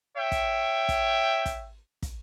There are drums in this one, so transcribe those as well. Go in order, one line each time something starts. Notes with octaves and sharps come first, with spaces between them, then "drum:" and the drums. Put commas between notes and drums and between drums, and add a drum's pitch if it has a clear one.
C#5 E5 G5
drum: kick, hi-hat
drum: kick, hi-hat
drum: kick, hi-hat
drum: kick, hi-hat